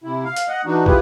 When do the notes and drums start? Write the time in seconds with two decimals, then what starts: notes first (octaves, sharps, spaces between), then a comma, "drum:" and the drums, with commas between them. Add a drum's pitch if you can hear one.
0.04 C3 E4
0.25 F5
0.36 drum: hi-hat
0.48 D#5 F#5
0.66 E3 D4 D#4 F#4
0.86 E4 F4 G4 G#4 B4, drum: kick